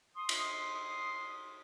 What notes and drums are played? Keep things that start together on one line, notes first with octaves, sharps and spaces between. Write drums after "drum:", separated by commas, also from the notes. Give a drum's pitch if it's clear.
C6 D#6
drum: cymbal